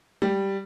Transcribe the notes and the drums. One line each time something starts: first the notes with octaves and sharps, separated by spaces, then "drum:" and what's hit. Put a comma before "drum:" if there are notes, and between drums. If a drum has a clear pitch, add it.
G3, drum: tom G#3